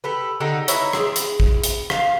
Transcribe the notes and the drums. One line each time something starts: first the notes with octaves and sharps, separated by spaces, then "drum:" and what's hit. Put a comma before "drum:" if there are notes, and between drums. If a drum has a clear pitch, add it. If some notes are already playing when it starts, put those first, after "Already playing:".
G4 A4 B4
D3 D#4 G4 A4
D#4 E4 B4 C#5, drum: hi-hat
E4 G#4, drum: rim click
drum: hi-hat
drum: kick A1
drum: hi-hat
F5, drum: rim click